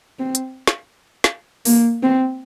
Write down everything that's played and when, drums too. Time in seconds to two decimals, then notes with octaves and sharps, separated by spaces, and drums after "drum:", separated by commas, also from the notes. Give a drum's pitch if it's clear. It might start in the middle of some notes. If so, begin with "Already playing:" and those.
0.19 C4
0.35 drum: hi-hat
0.67 drum: snare
1.24 drum: snare
1.65 A#3, drum: open hi-hat
2.03 C4